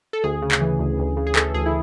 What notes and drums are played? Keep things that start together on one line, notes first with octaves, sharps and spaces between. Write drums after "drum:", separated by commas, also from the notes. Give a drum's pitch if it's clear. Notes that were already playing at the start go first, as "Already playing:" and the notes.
A4
D2 G#4
C#3
drum: clap
E3
D2
D2
C#3
G#4
E3 A4, drum: clap
D2 G#4
E4